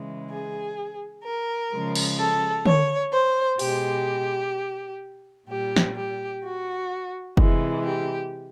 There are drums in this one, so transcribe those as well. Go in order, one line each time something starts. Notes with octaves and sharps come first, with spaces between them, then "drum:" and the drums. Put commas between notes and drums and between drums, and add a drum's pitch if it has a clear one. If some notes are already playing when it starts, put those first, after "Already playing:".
Already playing: C#3 E3 G#3
G#4
A#4
C#3 F3 G#3
drum: cymbal
A4
C#5, drum: tom D3
C5
B2 G#3 G4, drum: open hi-hat
A#2 G3 G4
drum: snare
G4
F#4
C3 E3 G#3, drum: kick
G4